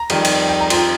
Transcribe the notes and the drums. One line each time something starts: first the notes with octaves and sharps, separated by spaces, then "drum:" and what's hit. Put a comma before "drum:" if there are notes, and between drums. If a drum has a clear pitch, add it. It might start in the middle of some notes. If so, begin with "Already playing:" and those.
Already playing: A#5
F2 D#3 G3, drum: cymbal
drum: cymbal
G5
A#5
F2 F3 C6, drum: cymbal